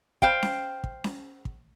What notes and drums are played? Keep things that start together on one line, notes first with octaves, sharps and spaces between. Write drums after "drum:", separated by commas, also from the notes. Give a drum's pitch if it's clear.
C5 F5 G5, drum: kick
drum: snare C#4
drum: kick
drum: snare C#4
drum: kick